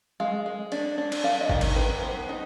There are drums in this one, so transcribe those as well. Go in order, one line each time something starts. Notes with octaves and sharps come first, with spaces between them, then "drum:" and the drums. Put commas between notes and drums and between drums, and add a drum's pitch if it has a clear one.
G#3 F5
G#3
D4, drum: cymbal
D4
drum: cymbal
D4 F5
D#5
D#3, drum: kick G#1
drum: cymbal
D#3 B4
B3 C5
D#4